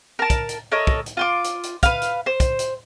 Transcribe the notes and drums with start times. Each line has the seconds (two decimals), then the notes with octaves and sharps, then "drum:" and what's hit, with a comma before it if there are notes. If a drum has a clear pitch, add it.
0.19 A#4 A5
0.30 drum: kick, hi-hat
0.49 drum: hi-hat
0.72 A4 A#4 C#5 D#5
0.87 drum: kick
1.06 drum: hi-hat
1.17 F4 C6 D6
1.45 drum: hi-hat
1.64 drum: hi-hat
1.83 B4 F5, drum: kick, hi-hat
2.02 drum: hi-hat
2.26 C5
2.40 drum: kick, hi-hat
2.59 drum: hi-hat